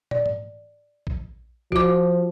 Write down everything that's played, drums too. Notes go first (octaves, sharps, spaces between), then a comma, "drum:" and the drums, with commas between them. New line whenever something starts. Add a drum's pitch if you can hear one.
D5, drum: tom
drum: tom G#2
drum: kick A#1
F3 F#4 D6, drum: kick A#1